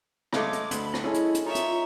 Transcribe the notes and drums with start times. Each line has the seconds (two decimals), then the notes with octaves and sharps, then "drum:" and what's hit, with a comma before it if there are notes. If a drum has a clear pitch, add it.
0.33 C#3 G#3 A3 A4 D#5 D6, drum: rim click
0.53 drum: hi-hat
0.71 D2 B5, drum: hi-hat
0.94 drum: rim click
1.04 G#3 C#4 E4 A4
1.14 drum: hi-hat
1.35 drum: hi-hat
1.46 D#4 F4 A#4 C#5 E5
1.55 drum: hi-hat